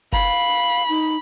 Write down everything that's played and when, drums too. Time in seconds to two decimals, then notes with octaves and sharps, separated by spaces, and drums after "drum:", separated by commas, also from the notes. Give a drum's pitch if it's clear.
0.12 F5 B5, drum: kick F#1
0.89 D#4